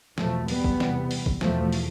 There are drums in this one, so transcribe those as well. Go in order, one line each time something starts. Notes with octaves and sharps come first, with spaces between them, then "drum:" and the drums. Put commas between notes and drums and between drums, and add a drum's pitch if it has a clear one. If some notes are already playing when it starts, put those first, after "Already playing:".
E2 B2 F3 A3, drum: snare
G3 B3, drum: open hi-hat
drum: kick
E2 C3, drum: snare
drum: open hi-hat
drum: kick
E2 B2 F3 A3, drum: snare
drum: open hi-hat